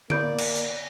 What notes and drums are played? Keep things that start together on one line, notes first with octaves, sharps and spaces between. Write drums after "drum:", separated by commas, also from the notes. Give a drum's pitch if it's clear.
A#3 D5 B5 G6 D7, drum: tom D3
drum: cymbal
drum: hi-hat